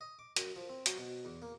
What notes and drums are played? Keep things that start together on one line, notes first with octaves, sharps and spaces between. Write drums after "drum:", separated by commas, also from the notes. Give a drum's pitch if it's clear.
D#5
D6
F#2, drum: hi-hat
F3
C4
F#3, drum: hi-hat
B2
E2
A#3